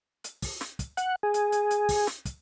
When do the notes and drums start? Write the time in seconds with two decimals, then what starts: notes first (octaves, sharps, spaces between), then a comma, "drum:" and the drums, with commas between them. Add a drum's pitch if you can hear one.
0.24 drum: hi-hat
0.42 drum: kick, open hi-hat
0.61 drum: snare
0.79 drum: kick, hi-hat
0.97 F#5, drum: hi-hat
1.23 G#4
1.34 drum: hi-hat
1.52 drum: hi-hat
1.71 drum: hi-hat
1.89 drum: kick, open hi-hat
2.07 drum: snare
2.25 drum: kick, hi-hat